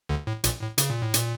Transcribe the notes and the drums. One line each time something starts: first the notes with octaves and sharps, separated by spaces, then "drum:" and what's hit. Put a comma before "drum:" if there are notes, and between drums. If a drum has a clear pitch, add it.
D2 D3
A2
A#1 A#2, drum: hi-hat
A2
C#3, drum: hi-hat
A#2
A2
A#2, drum: hi-hat